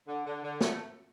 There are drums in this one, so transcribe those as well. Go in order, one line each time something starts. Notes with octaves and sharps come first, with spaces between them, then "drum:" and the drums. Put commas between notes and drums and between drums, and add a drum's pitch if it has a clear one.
D3
D3
D3
A3, drum: snare